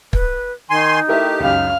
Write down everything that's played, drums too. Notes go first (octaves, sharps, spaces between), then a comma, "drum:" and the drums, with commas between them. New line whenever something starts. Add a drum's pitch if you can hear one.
B4, drum: kick
D#3 D#4 G#5 C6
A3 E4 G4 A#4 D#5 E5
C#2 F#2 F5 F6